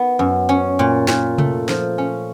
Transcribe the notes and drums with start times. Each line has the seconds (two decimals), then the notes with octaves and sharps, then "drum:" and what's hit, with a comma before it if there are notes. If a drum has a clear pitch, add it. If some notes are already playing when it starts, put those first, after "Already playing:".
Already playing: D#3 B3
0.19 F#2
0.49 C#4
0.79 A#2
1.08 A#2, drum: snare
1.38 A3, drum: tom C3
1.69 F3, drum: snare
1.98 C#4